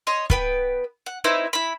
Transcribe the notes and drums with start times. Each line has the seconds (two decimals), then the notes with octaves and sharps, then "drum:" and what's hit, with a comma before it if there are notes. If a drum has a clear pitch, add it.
0.07 C#5 D#5 C6
0.30 B3 B4 G5, drum: kick
1.06 F#5
1.24 C4 D#4 E4 B4
1.53 E4 B5